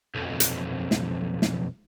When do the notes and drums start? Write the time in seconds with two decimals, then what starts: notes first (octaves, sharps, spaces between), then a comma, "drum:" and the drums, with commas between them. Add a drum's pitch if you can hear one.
0.15 B1 F2
0.40 drum: hi-hat
0.91 drum: snare
1.42 drum: snare